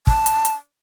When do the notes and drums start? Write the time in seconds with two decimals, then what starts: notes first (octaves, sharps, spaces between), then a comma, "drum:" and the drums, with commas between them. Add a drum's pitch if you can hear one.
0.07 A5, drum: kick
0.26 drum: hi-hat
0.45 drum: hi-hat